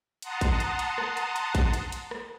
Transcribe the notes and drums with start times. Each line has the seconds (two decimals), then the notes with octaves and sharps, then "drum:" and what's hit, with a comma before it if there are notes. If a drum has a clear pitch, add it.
0.22 F#5 A5 A#5 C6 D#6, drum: hi-hat
0.41 drum: kick A1, hi-hat
0.60 drum: hi-hat
0.79 drum: hi-hat
0.98 drum: rim click
1.17 drum: hi-hat
1.36 drum: hi-hat
1.55 drum: kick A1, hi-hat
1.74 drum: hi-hat
1.92 drum: hi-hat
2.11 drum: rim click